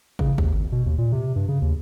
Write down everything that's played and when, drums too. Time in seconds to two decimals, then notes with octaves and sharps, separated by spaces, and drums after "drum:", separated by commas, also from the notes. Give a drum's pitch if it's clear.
0.19 C#3, drum: kick
0.38 D#2, drum: kick
0.53 G#1
0.72 B2
0.86 D#2
0.98 A#2
1.12 C3
1.36 G2
1.48 C#3
1.62 D#2